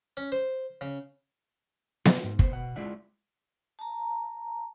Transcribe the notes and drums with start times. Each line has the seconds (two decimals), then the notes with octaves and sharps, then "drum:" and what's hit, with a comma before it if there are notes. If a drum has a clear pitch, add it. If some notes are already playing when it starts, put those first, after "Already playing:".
0.17 C#4
0.32 C5
0.81 C#3
2.05 F3, drum: snare B3
2.24 G#2
2.39 B3 C5, drum: kick
2.51 B2 F#5
2.76 G#3 E4 F4 D5 E5 F#5
3.79 A5 A#5